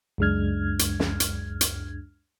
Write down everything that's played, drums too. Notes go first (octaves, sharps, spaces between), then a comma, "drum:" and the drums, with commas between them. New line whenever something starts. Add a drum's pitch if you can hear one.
C#2 F#2 G#3 D4 F6 G#6
drum: hi-hat
drum: snare
drum: hi-hat
drum: hi-hat